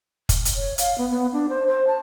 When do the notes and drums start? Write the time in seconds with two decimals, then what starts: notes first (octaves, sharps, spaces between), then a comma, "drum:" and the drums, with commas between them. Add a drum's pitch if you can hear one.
0.29 drum: kick, hi-hat
0.45 drum: hi-hat
0.55 C#5
0.78 F5, drum: hi-hat
0.98 B3
1.10 B3
1.33 D4
1.49 C5
1.67 C5
1.87 A5